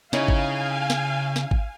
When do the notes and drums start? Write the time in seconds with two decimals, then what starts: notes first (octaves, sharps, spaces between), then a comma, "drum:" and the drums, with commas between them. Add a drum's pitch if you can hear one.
0.13 C#3 D#4 E4 C#5 F5 G#5, drum: snare
0.28 drum: kick G#1
0.90 drum: snare
1.36 drum: snare
1.51 drum: kick G#1